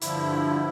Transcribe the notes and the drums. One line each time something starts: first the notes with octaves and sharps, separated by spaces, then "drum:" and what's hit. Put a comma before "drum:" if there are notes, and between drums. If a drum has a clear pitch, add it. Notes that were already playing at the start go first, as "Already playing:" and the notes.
G2 D3 F3 E4, drum: hi-hat